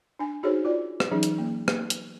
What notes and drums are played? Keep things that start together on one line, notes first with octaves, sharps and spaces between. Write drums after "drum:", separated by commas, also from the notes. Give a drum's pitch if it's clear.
D4 G#5
D#4 F#4 G#4 A4 C5 C#5
F4 D5
drum: rim click
E3 F#3 C#4 D#4 G#4
drum: hi-hat
A#3
A#3, drum: rim click
drum: hi-hat